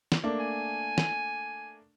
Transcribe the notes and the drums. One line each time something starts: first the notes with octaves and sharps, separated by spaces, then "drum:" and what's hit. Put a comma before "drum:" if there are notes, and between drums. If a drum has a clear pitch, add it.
drum: snare
A3 A#3 D4
G#5
drum: snare